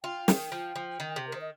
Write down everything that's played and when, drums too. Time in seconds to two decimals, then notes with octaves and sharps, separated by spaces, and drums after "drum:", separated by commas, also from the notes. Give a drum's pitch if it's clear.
0.03 F4 G5
0.28 D#3, drum: snare
0.52 F3
0.76 F3
1.00 D#3
1.16 C3
1.27 A#4
1.32 D#3 C5
1.41 D#5